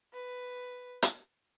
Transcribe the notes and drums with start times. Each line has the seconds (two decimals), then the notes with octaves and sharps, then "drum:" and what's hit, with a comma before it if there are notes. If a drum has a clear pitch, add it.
0.13 B4
1.02 drum: hi-hat